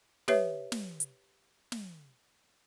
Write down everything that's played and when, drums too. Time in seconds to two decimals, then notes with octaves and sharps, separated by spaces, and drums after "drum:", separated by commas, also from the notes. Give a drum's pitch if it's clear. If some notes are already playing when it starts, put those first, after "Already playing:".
0.28 G4 B4 C#5 E5, drum: snare
0.72 drum: snare
1.00 drum: hi-hat
1.72 drum: snare